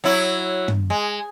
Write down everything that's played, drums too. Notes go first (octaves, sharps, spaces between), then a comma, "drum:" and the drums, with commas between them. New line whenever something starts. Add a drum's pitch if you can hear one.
F#3 E4
drum: tom
G#3